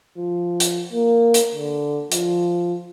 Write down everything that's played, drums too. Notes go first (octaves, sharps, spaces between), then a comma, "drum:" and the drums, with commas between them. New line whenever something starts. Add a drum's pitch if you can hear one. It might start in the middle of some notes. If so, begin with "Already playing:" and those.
F3
drum: hi-hat
A#3
drum: hi-hat
D3
F3, drum: hi-hat